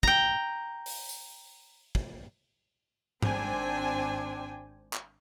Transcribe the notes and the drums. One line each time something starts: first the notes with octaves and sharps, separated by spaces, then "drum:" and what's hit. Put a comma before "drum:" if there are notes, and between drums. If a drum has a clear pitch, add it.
G5 A#5, drum: kick
drum: open hi-hat
drum: tambourine
drum: kick
G#1 C4 D4 C5 G5 G#5, drum: tom G#2
drum: clap